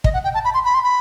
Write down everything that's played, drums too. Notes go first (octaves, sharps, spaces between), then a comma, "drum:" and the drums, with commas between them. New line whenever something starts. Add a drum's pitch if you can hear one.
D#5, drum: kick
F#5
G5
A5
B5
C6
B5
C6
B5